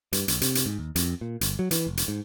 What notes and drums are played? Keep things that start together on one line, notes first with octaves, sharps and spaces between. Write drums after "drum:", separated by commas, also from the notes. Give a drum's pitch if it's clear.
G2, drum: hi-hat
B1, drum: hi-hat
C3, drum: hi-hat
drum: hi-hat
G#2
D#2
F2, drum: hi-hat
A#2
G1, drum: hi-hat
F#3
E3, drum: hi-hat
F1
drum: hi-hat
G#2